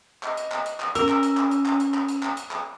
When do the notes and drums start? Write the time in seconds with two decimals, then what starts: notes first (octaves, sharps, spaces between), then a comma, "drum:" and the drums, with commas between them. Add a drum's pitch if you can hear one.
0.23 D#5, drum: clap
0.37 drum: hi-hat
0.52 drum: clap
0.66 drum: hi-hat
0.80 drum: clap
0.95 C#4 A#4 E6, drum: hi-hat
1.09 drum: clap
1.23 drum: hi-hat
1.37 drum: clap
1.51 drum: hi-hat
1.66 drum: clap
1.80 drum: hi-hat
1.94 drum: clap
2.08 drum: hi-hat
2.23 drum: clap
2.37 drum: hi-hat
2.51 drum: clap